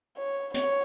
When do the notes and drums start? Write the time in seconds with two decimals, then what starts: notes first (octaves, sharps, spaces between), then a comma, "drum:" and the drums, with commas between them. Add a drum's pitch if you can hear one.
0.18 C#5
0.54 C#5, drum: hi-hat